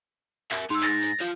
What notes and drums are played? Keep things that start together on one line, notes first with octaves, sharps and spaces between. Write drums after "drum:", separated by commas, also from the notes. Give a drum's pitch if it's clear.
A#4 E5, drum: clap
G#3 D#4 C6 E6
A6 A#6, drum: clap
drum: hi-hat
F4 C5, drum: hi-hat